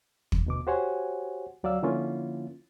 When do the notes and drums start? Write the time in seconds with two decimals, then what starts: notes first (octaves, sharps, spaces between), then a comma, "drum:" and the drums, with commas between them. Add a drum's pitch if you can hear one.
0.32 drum: kick
0.46 D2 B2 D6
0.67 F#4 G4 C5 C#5 F#5 G#5
1.63 D2 F#3 D5 F5 E6
1.83 D3 F3 A#3 C#4 E4 F4